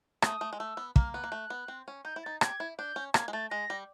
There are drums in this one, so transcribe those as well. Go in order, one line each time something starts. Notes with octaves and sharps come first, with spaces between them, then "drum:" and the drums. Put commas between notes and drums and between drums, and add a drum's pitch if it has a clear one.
A3 D#6, drum: rim click
A3
G#3
A3 E6
B3
A#3 F6, drum: kick
B3 F#6
A#3
A3
B3
C4
C#4
D#4 G6
E4
D#4 A6
G4 G#6, drum: rim click
E4
D4 G6
C#4
A#3 G#6, drum: rim click
G#3
A3 A6
G#3 A#6
G3